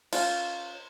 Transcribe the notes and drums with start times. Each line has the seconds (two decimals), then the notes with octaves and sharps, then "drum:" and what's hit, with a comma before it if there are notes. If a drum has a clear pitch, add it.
0.13 C#4 F4, drum: cymbal